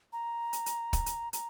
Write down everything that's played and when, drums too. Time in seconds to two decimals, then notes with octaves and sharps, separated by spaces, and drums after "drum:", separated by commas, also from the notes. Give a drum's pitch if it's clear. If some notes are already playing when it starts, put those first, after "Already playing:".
0.13 A#5
0.53 drum: hi-hat
0.66 drum: hi-hat
0.93 drum: kick, hi-hat
1.06 drum: hi-hat
1.33 A#5, drum: hi-hat